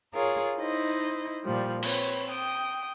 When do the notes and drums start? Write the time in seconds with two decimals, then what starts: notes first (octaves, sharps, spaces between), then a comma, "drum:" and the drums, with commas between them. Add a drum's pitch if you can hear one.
0.14 F4 G#4 A#4 C#5
0.59 D#4 E4 C5 D#5
1.43 A#2 F3 G3
1.83 C4 B4 C#5, drum: cymbal
2.29 G5 D#6